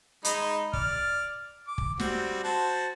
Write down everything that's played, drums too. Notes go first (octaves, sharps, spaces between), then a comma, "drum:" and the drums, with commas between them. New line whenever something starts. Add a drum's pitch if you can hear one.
G#3 D#4 B5, drum: hi-hat
D5 F6, drum: kick
D6
drum: kick
G3 C4 F#4, drum: snare
F#4 C5 A5